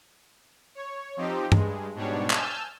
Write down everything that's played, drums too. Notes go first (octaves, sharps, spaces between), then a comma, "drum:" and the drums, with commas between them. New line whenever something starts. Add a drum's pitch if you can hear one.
C#5
F3 C4 D#4 G4
G2 G#3, drum: tom G2
G#2 B2 G3 D4 C#5
G#5 A5 E6 F6 G6, drum: clap